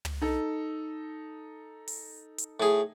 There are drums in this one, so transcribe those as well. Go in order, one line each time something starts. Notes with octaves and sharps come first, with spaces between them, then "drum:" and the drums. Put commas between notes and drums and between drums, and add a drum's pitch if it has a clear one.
drum: tom
D#4 A4
drum: open hi-hat
drum: hi-hat
A2 G#4